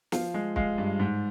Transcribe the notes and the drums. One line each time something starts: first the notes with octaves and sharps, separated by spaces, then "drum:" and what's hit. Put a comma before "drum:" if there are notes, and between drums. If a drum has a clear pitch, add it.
F3 F5, drum: snare
G#3
G#3 F5, drum: kick
G2
G#2